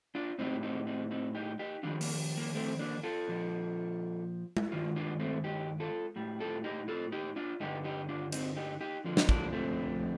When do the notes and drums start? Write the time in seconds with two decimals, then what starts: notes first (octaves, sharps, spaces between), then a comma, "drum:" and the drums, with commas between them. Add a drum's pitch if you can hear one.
0.15 D4 F4
0.39 A2 G3 C4 D#4
0.63 C4 D#4
0.87 C4 D#4
1.11 C4 D#4
1.35 D#4 G4
1.59 D#4 G4
1.83 F2 D#3 G3 D4 F4
2.01 A#3, drum: open hi-hat
2.38 A#3
2.55 A3 C4
2.79 A#3 D4
3.03 F4 A4
3.28 A#2 F3
4.57 drum: tom G#3
4.72 G2 D#3 F4
4.96 D4 F4
5.20 A3 C4
5.44 D#4 G4
5.80 F4 A4
6.16 A2 G3
6.40 F4 A4
6.64 D#4 G4
6.88 F4 A4
7.12 D#4 G4
7.36 D4 F4
7.60 G2 D3 G3 D#4 G4
7.84 D#4 G4
8.09 D4 F4
8.32 C4 D#4, drum: hi-hat
8.56 D#4 G4
8.81 D#4 G4
9.04 F2 D3 F3
9.17 D#4, drum: snare
9.29 A#3 D4, drum: kick
9.53 A3 C4